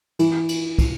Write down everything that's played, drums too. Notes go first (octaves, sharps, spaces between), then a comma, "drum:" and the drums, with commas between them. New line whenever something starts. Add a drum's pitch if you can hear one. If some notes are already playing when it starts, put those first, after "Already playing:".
E3, drum: cymbal
drum: cymbal
drum: kick, cymbal